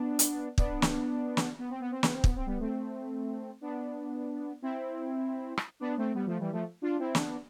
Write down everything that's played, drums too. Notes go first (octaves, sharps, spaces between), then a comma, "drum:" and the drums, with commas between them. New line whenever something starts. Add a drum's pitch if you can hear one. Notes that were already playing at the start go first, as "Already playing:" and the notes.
Already playing: B3 D4
drum: hi-hat
B3 D4, drum: kick
drum: snare
drum: snare
B3
C4
B3
C4
B3, drum: snare
C4
B3, drum: kick
C4
G3 B3
A3 C4
B3 D4
C4 E4
drum: rim click
B3 D4
A3 C4
G3 B3
F3 A3
E3 G3
F3 A3
D4 F4
C4 E4
B3 D4, drum: snare